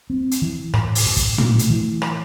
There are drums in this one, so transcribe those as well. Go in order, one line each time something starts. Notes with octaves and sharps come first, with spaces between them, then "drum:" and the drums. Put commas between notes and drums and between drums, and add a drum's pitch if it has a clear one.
C4
drum: hi-hat
E3
A2, drum: rim click
drum: open hi-hat
A2
drum: kick, hi-hat
A3, drum: tom
drum: hi-hat
E3
drum: rim click